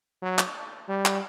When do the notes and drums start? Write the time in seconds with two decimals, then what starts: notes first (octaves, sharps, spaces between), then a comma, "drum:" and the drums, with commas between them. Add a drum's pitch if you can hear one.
0.22 F#3
0.39 drum: clap
0.89 G3
1.06 drum: clap